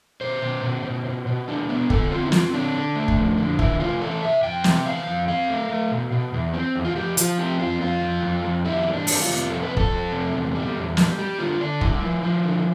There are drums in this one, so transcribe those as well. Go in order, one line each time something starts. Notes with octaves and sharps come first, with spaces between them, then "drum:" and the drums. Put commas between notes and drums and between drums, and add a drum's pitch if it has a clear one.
B2 C5
B2
B2
B2
B2
B2
D4
B3
D3 A4, drum: kick
C4 F4
E4
C4 F4, drum: snare
D3 D4
D3
A3
drum: kick
F2
D3
E3 E4, drum: kick
C3 F4
E3 A4
C3 E5
F2 G5
C3, drum: snare
E3 F5
F2
C4 F5
A3
A3
B2
B2
E2
C4
E2
F4
F3 G4
F3 F4, drum: hi-hat
C4 G4
F2 F4
F2 F4
F2
F2
F2
G3 E4
E3
D4
G3, drum: open hi-hat
F4
C3
F2 A4
B4
F2
A4, drum: kick
F2
C3
E2
G3
E2
G3, drum: snare
G3 G4
D3 F4
D3 D4
G3 E4, drum: kick
F3
F3
D3